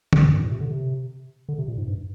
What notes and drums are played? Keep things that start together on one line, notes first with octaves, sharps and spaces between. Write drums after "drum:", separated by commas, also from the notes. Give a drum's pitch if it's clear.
C3, drum: tom D3
F2
G2
G#2
A#2
C3
D3
C3
D3
C3
A#2
G#2
G2